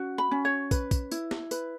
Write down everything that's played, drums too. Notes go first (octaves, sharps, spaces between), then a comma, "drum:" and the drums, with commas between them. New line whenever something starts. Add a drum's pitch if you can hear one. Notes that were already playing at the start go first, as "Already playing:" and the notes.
Already playing: C#4 F#4
B5
C#4
C#5
B4, drum: kick, tambourine
drum: kick, tambourine
E4, drum: tambourine
drum: snare
B4, drum: tambourine